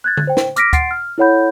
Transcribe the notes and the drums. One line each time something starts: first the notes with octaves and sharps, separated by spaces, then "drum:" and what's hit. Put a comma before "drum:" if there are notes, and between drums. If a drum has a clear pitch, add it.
F#6 G#6 A6
drum: tom D3
C5 G5
drum: snare
D6 F6 A#6 B6 D7, drum: hi-hat
F#5 C6 A6 C7 D7, drum: kick, hi-hat
F6
E4 A4 C#5 F#5 B5 G6